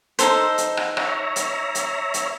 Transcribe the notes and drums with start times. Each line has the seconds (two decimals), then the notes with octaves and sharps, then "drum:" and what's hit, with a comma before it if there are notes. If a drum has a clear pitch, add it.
0.19 D#4 A4 C5, drum: hi-hat
0.58 drum: hi-hat
0.77 drum: rim click
0.97 C#5 E5 A#5, drum: rim click
1.36 drum: hi-hat
1.75 drum: hi-hat
2.14 drum: hi-hat